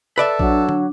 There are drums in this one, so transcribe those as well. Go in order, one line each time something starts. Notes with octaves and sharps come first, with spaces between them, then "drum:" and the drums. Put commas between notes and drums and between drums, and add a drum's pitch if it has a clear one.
A4 B4 D5 E5
F#3 D4, drum: kick A#1
drum: tom